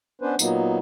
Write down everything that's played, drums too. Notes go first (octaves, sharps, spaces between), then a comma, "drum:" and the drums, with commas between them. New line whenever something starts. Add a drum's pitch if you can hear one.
B3 C#4 D4 B4 C5
A#2 F#3 A#3 B3 D#4, drum: tambourine